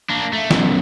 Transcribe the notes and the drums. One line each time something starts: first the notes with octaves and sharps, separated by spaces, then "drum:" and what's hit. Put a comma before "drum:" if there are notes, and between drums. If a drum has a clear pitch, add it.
A#3 D4
A3
B1 F#2, drum: snare